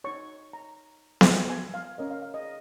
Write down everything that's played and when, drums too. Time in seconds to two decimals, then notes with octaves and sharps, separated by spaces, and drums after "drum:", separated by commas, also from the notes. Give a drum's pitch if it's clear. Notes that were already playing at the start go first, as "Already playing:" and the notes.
0.04 D#4 C#5 C#6
0.53 A#5
1.21 drum: snare B3
1.50 G#5
1.74 F5
1.98 C#4 A#4 C#5 D#5
2.11 F5
2.22 F5
2.34 D#5